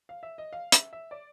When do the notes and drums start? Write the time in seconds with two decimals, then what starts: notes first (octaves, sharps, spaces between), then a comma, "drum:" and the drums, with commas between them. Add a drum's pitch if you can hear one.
0.09 F5
0.23 E5
0.38 D#5
0.53 F5
0.72 E5, drum: hi-hat
0.93 E5
1.11 D5